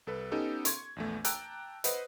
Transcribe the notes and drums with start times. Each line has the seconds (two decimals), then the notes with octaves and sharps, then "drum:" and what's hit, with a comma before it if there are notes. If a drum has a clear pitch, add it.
0.07 C2 A4 B4
0.32 B3 C#4 D#4 G4 A4
0.65 C6 C#6 G#6, drum: hi-hat
0.96 A#1 E2 A3
1.25 G5 A5 A#5 D6 E6 F#6, drum: hi-hat
1.84 B4 C5 D#5 F#5, drum: hi-hat